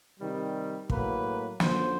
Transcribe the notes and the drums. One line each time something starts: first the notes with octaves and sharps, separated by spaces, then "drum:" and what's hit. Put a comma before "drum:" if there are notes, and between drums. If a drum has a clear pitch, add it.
C3 D#3 G3
A2 F#3 A#3 B4, drum: kick
F#2 D3 F3 C5, drum: snare